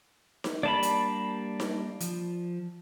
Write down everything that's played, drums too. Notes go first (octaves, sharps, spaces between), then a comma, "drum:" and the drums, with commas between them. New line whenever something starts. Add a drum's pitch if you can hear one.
drum: snare D#4
G3 A#3 D4 D5 A5 B5
drum: hi-hat
drum: snare D#4
F3, drum: hi-hat